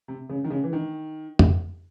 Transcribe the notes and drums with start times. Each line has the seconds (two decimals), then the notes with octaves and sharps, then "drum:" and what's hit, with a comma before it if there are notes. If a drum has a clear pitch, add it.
0.08 C3
0.29 C#3
0.44 D#3
0.50 C#3
0.64 E3
0.73 D#3
1.39 drum: tom